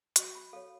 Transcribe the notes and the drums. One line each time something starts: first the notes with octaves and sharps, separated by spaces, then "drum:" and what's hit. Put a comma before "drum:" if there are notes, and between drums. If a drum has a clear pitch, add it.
F#4 C#6, drum: hi-hat
B5
A4 C#5 F5